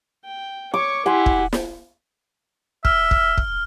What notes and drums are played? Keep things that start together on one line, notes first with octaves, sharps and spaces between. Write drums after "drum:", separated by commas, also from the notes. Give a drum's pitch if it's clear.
G5
C#5 C#6 D6
E4 G4 F#5 G#5 C6
drum: kick
drum: snare
E5 F6, drum: kick
drum: kick
drum: kick